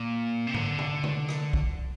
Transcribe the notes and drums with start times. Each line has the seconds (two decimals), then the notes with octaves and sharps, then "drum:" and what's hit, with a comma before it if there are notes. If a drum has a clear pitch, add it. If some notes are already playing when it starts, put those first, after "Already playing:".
Already playing: A#2
0.47 C3
0.54 D3, drum: tom G#2
0.79 drum: tom C3
1.04 drum: tom C3
1.29 drum: rim click
1.53 drum: kick